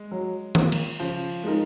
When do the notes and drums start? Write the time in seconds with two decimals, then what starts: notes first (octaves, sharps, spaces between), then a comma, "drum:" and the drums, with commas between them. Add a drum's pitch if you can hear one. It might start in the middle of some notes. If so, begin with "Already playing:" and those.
Already playing: G#3
0.11 F#3
0.55 A#3 F4, drum: tom D#3
0.72 drum: cymbal
1.00 C#3 F3
1.44 G#3 D#4 A#4